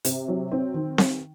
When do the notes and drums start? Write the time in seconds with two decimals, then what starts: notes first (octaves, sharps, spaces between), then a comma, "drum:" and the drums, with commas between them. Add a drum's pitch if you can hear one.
0.04 C3, drum: hi-hat
0.28 F#3
0.52 C4
0.74 D#3
0.98 drum: snare C4